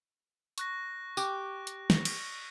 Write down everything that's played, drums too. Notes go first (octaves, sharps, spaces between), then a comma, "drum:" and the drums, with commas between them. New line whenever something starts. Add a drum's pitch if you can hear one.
C#6 F#6 A#6, drum: hi-hat
G4 F#6, drum: tambourine
drum: hi-hat
A#6, drum: snare
drum: cymbal